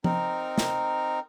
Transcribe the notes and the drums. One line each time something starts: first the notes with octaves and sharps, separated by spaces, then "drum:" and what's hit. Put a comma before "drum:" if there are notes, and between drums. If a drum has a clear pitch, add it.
C4 D#4 A#4, drum: tom F3
drum: snare